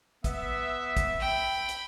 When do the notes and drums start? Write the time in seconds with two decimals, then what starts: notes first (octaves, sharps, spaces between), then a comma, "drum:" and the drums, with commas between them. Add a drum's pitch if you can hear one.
0.24 B3 E5, drum: kick, hi-hat
0.97 drum: kick, hi-hat
1.20 G5 B5
1.69 drum: hi-hat